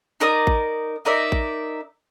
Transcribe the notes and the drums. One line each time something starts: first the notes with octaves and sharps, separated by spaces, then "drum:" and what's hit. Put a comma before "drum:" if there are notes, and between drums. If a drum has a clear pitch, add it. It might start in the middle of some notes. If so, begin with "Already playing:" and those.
D#4 A#4 D5 D#6
drum: kick A1
D#4 A#4 D5 E5
drum: kick A1